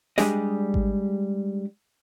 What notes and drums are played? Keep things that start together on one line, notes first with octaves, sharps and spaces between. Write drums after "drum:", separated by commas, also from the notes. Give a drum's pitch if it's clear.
G3 G#3 D4 G4 G#4 D#5, drum: snare
drum: kick G#1